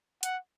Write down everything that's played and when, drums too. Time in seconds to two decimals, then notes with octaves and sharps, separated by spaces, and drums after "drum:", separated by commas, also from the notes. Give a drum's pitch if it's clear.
0.23 F#5, drum: hi-hat